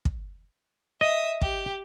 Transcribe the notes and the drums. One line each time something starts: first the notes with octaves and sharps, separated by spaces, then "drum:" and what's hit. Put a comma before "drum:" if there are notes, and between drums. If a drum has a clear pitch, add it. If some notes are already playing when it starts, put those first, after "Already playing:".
drum: kick
D#5 E5 D#6
G4, drum: kick